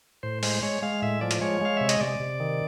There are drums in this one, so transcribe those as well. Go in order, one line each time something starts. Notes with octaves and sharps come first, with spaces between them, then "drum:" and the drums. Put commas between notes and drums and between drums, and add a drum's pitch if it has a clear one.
A2 C5
G#3 C5, drum: open hi-hat
G#3 C#5
G#3 F5
A2 E5
F3 D5
drum: hi-hat
G#3 C#5
G#3 F5
C3 E5
D#5, drum: hi-hat
C3 D5
C3
D#3